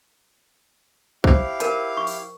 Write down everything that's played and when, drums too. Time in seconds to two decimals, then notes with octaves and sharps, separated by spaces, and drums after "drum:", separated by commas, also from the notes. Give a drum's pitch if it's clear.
1.24 E4 G4 C5 F5, drum: kick
1.60 A#4 A5, drum: hi-hat
1.97 C#6
2.07 drum: open hi-hat